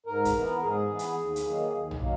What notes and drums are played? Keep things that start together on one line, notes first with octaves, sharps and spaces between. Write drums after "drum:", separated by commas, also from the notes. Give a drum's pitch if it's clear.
G#2 A#4
drum: kick, hi-hat
E3 B3
G#2 G#4
E3 B3
drum: hi-hat
D#2
drum: hi-hat
D#3 F#3 A#3
D#2
drum: tom A#1
D#3 F#3 A#3